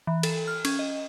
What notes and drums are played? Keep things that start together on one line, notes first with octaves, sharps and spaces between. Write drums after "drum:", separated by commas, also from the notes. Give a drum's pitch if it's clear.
E3
A4, drum: cymbal
F6
C#4, drum: cymbal
D#5